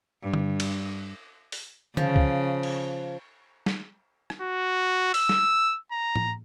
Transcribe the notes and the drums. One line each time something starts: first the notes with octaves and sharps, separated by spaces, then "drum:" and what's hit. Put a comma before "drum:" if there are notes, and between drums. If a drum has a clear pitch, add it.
G2
drum: tom D3
drum: cymbal
drum: open hi-hat
C#3 F3, drum: tom D3
drum: kick
drum: cymbal
drum: snare
drum: rim click
F#4
E6, drum: open hi-hat
drum: snare
A#5
drum: tom A2